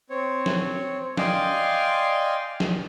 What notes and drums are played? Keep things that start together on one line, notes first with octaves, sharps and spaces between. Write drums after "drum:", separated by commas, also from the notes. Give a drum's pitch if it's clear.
C4 C#5
drum: snare
D5 D#5 F5 G5 G#5 C6, drum: snare
drum: snare